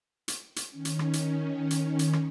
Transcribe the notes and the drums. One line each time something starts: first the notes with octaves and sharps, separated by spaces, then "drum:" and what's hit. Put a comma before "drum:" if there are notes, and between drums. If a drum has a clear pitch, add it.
drum: hi-hat
drum: hi-hat
D#3 C#4
drum: hi-hat
drum: rim click
drum: hi-hat
drum: hi-hat
drum: hi-hat
drum: rim click